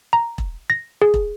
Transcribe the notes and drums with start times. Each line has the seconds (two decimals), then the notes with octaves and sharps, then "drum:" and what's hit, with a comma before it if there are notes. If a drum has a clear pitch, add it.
0.13 A#5
0.38 drum: kick E1
0.70 A#6
1.02 G#4
1.14 drum: kick E1